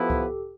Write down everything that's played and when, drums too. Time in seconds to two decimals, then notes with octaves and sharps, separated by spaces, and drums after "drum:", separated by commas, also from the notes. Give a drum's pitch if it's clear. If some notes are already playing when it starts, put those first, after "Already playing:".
Already playing: F3 B3 E4 G4 A4
0.10 drum: kick C2